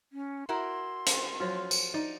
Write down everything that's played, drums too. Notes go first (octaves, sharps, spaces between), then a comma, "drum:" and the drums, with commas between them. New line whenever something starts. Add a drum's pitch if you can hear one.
C#4
E4 F#4 A#4 C6
drum: hi-hat
F3 F#3 F4
drum: tambourine
D#4 D5